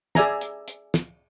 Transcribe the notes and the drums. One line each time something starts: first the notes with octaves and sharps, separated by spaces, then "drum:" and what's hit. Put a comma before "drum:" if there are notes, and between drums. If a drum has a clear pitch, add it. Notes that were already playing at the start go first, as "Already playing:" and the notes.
G#4 D5 E5 G#5 A#5, drum: snare
drum: hi-hat
drum: hi-hat
drum: snare